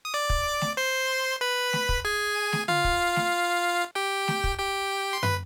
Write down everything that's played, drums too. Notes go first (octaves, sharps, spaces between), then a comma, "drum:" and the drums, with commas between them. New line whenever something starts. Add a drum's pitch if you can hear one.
D#6
D5 D6
drum: kick
drum: snare A3
C5 C6
B4 B5
drum: snare A3
drum: kick
G#4 G#5
drum: snare A3
F4 F5, drum: tom
drum: kick
drum: snare A3
G4 G5
drum: snare A3
drum: kick
G4 G5
C6
B4 B5, drum: tom